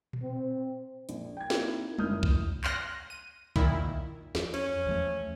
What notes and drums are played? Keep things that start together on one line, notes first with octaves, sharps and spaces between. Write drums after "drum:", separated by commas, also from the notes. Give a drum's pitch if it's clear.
drum: tom A#2
C4
A#1, drum: hi-hat
G5 G#6
A#3 C4 D#4 E4, drum: snare
F#1 D3 E4 D#6 F6 G6, drum: tom G3
drum: kick C2
C6 F6 F#6 A#6, drum: clap
D#7
A#2 D#3 E4, drum: kick C2
F2, drum: snare
C#4, drum: cymbal
E2 F3 A3